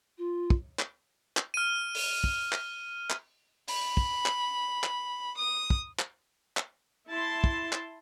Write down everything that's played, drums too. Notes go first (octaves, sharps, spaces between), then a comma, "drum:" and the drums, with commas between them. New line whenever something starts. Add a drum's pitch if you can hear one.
F4
drum: kick
drum: clap
drum: clap
F6 D#7
drum: open hi-hat
drum: kick
drum: clap
drum: clap
B5, drum: open hi-hat
drum: kick
drum: clap
drum: clap
D#6
drum: kick
drum: clap
drum: clap
E4 A5 C6
drum: kick
drum: clap